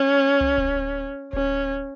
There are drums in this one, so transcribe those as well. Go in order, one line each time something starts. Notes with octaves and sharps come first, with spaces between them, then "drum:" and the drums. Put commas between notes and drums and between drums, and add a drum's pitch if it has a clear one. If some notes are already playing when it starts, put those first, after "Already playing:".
Already playing: C#4
drum: tom C2
drum: kick D1
C#4, drum: kick D1